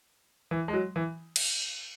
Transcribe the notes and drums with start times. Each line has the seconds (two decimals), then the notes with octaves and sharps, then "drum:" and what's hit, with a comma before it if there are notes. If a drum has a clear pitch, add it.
0.51 E3
0.68 G#3
0.73 F#3
0.96 E3
1.36 drum: cymbal